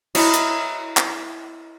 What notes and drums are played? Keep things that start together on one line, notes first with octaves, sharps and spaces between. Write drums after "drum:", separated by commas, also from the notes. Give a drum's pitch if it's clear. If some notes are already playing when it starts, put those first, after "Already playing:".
E4 A#4 C#5 D#5, drum: cymbal
drum: hi-hat
drum: clap